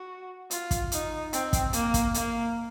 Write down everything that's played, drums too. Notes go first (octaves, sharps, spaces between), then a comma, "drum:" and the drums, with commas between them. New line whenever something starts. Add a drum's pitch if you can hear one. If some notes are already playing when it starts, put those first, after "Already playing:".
Already playing: F#4
F4, drum: hi-hat
drum: kick, hi-hat
D#4, drum: hi-hat
C4, drum: hi-hat
drum: kick, hi-hat
A#3, drum: hi-hat
drum: kick, hi-hat
A#3, drum: hi-hat